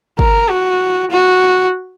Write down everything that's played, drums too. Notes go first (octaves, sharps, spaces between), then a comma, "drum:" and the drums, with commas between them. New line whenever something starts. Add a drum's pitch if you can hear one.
A#4, drum: kick
F#4
F#4